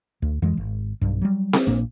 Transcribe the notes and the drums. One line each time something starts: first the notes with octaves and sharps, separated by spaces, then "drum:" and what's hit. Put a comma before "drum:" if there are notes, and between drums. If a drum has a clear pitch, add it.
D2
F2 E3 G#3
G#1
B1 G2
F#3 G3
drum: snare C4
A#1 A#2 A#3 D4